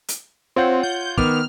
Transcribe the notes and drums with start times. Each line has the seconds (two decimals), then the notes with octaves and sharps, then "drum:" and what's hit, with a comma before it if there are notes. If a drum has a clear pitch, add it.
0.08 drum: hi-hat
0.56 C4 F4 C#5 F#5
0.83 G6
1.18 D#3 B3 D6 F6, drum: kick